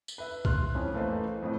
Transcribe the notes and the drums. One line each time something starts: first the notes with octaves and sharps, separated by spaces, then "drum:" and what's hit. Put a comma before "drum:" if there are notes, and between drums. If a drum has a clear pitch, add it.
drum: tambourine
B4 E5
C6 F6 F#6, drum: kick C#2
F2 E3 C#4
E3 A3 A#3 B4 C5 D#5
F2 A2 E3